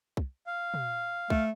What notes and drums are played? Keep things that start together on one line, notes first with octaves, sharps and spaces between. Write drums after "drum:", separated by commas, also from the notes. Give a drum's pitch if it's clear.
drum: kick
F5
drum: tom
A3, drum: kick